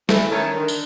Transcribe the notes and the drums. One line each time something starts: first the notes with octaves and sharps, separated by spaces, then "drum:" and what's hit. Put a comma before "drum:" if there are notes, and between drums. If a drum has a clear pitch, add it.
E3 A3, drum: snare
D#3 C#4 E4 A4 C#5
D3 D#3
drum: tambourine